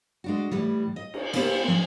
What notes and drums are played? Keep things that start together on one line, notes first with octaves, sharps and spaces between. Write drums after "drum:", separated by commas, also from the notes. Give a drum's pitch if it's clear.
G#3 D4 F#4
A2 E3 G3
D#5
drum: cymbal
A#3 B3 E4 G4 A#4 C5, drum: cymbal
F3 C#4